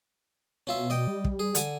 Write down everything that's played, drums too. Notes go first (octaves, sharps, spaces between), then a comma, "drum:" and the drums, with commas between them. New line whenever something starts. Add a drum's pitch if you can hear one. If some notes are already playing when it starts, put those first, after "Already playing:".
B2 C#4 F4 E5
D5 D#5 G5
G3
drum: kick
G#4
D3 G#5, drum: hi-hat